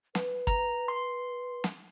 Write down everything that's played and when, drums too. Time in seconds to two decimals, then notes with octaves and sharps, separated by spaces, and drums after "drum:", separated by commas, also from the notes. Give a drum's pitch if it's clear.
0.15 B4, drum: snare
0.47 A#5, drum: kick
0.88 C6
1.64 drum: snare